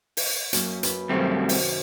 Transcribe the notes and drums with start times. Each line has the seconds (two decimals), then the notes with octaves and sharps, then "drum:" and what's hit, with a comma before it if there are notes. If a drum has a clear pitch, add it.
0.17 drum: open hi-hat
0.53 F#2 A#3, drum: hi-hat
0.83 B4 B5, drum: hi-hat
1.09 F#2 C3 D#3 G3 A3 C4
1.49 drum: open hi-hat